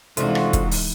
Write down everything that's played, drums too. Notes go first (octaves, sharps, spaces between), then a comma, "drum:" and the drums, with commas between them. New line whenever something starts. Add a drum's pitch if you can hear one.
C2 F2 E3 G#3 D4 D#4 F4 F#4, drum: hi-hat
drum: rim click
drum: kick, hi-hat
drum: open hi-hat